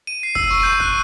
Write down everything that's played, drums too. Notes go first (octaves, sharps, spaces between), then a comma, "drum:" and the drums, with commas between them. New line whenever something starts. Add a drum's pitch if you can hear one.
D#7
C7
E6, drum: kick
C#6
G6
F#6, drum: kick